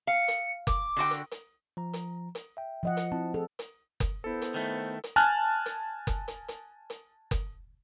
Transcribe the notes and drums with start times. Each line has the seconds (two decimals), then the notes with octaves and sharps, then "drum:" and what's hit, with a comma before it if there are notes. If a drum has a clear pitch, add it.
0.07 F5 C#7
0.28 drum: hi-hat
0.67 D6, drum: kick F#1, hi-hat
0.97 D3 F#4 G5
1.11 drum: hi-hat
1.31 drum: hi-hat
1.77 F3 A#5
1.93 drum: hi-hat
2.35 drum: hi-hat
2.57 E5 G5
2.83 F3 D#5 F#5
2.97 drum: hi-hat
3.12 C4 E4 A5
3.34 G#4 A4
3.59 drum: hi-hat
4.00 drum: kick F#1, hi-hat
4.24 B3 E4 A4 C5
4.42 drum: hi-hat
4.54 D#3 A3
5.04 drum: hi-hat
5.16 G#5 A5 F6 F#6
5.66 drum: hi-hat
6.07 drum: kick F#1, hi-hat
6.28 drum: hi-hat
6.48 drum: hi-hat
6.90 drum: hi-hat
7.31 drum: kick F#1, hi-hat